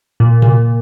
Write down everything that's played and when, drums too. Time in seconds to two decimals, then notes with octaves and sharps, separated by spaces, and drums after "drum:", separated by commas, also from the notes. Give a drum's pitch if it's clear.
0.20 A#2
0.42 A#2, drum: tom B2